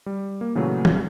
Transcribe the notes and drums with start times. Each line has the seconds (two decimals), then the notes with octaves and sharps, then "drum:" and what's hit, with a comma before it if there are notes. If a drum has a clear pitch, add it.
0.06 G3
0.41 A#3
0.55 A#2 C#3 E3 F#3 A3
0.85 drum: tom